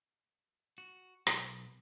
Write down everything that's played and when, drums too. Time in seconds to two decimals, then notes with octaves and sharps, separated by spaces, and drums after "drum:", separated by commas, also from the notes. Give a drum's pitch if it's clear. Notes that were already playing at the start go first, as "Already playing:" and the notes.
0.78 F#4
1.27 B1, drum: rim click